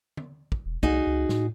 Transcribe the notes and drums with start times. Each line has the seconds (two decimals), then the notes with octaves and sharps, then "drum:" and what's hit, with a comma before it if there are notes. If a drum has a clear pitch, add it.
0.17 drum: tom D3
0.52 drum: kick
0.66 E1
0.83 C2 D#4 F#4 G#4, drum: kick
1.07 C#2
1.29 A2, drum: snare